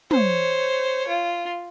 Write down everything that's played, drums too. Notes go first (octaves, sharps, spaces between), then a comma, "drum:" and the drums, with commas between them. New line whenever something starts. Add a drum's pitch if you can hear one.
C5 C#5, drum: tom
F4